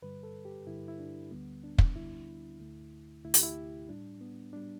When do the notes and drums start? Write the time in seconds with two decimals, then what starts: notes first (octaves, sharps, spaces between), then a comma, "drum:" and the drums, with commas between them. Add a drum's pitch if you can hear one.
0.02 G2 D3 G3 B4
0.23 A4
0.45 G4
0.67 G2 D3 G3 E4
0.88 E4
0.99 D4
1.31 D2 D3 G3 B3
1.64 D4
1.78 drum: kick
1.95 D2 D3 G3 E4
2.60 D2 D3 A3
3.24 D2 D3 A3 E4
3.34 G4, drum: hi-hat
3.43 E4
3.89 A2 G3 D4
4.21 B3
4.53 A2 G3 D4